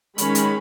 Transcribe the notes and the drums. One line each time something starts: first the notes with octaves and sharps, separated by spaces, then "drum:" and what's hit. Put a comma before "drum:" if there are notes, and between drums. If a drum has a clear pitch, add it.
D#3 G#3 C#4 B5, drum: hi-hat
drum: hi-hat